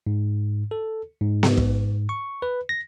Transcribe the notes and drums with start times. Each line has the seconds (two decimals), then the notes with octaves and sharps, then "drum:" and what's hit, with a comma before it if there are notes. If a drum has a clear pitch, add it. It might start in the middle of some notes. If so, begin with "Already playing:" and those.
0.07 G#2
0.71 A4
1.21 G#2
1.43 drum: snare B3
1.57 drum: kick
2.09 C#6
2.42 B4
2.69 A#6